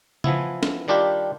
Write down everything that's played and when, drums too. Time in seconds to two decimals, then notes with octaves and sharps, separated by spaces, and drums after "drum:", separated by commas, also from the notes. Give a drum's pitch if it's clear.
0.24 E3 F3 B3 E4, drum: tom C#3
0.63 drum: snare
0.88 D#3 G3 D4 F4 G4